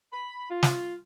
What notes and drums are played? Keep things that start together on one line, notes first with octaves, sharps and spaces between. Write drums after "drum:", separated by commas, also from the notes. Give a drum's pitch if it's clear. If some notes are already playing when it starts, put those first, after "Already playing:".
B5
F4
drum: snare